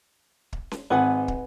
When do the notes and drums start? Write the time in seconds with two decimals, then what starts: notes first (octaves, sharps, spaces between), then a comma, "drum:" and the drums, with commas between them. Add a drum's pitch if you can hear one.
0.53 drum: kick
0.71 drum: snare C#4
0.90 G#1 B4 F#5 G#5
1.28 drum: kick